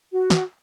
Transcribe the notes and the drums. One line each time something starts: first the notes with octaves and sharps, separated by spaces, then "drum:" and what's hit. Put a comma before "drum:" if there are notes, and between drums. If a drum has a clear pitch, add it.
F#4
drum: snare